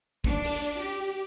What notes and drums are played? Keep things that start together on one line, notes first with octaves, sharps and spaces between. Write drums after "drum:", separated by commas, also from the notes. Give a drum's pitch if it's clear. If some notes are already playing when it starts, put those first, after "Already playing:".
D4, drum: kick
drum: open hi-hat
G4